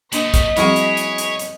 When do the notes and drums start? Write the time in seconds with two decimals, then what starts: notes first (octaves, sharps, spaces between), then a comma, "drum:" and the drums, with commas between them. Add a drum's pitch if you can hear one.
0.13 F#3 A3 A#3 D4 D#5 B6, drum: hi-hat
0.34 drum: kick, hi-hat
0.57 F3 G3 C4 E4 F#4 G#4 C#5, drum: hi-hat
0.76 drum: hi-hat
0.97 drum: hi-hat
1.18 drum: hi-hat
1.39 drum: hi-hat